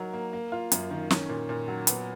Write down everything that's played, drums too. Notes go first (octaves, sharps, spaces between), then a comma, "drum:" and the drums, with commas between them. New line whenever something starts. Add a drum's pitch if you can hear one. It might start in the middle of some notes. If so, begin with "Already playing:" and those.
Already playing: F#3 D#4 A#4
A#3
A#3
F4
F#2, drum: hi-hat
D#3
C#4, drum: snare
A#2
A#2
F#3
B3, drum: hi-hat